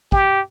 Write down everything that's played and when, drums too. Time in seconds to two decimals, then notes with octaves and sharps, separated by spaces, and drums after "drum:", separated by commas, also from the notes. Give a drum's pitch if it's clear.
0.12 G4, drum: kick